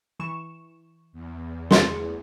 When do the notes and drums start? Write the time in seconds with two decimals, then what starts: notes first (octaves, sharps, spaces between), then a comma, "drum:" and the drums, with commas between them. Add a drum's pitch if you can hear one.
0.20 E3 C#6 E7
1.13 E2
1.71 A3 G#4 C6 A6 C#7, drum: snare